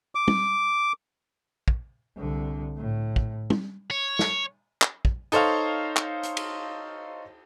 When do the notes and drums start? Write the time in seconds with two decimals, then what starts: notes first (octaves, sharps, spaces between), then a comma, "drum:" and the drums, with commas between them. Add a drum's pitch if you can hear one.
0.15 D6
0.28 drum: tom
1.68 drum: kick
2.18 C2 D3
2.77 A2
3.16 drum: kick
3.50 drum: tom
3.91 C#5
4.19 drum: snare
4.82 drum: clap
5.05 drum: kick
5.32 D#4 A4 C5 C#5 F5, drum: hi-hat
5.96 drum: clap
6.23 drum: hi-hat
6.37 drum: cymbal